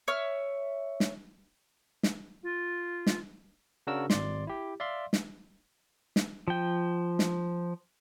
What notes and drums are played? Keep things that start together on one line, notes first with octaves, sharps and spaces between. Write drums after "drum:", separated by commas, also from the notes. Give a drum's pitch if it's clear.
C#5 E5 F6
drum: snare
drum: snare
F4
drum: snare
C#3 D4 F#4 A#4 E6
G#1 D5 C6, drum: snare
E4 G4
D5 E5 F5 C6
drum: snare
drum: snare
F3 G5
drum: snare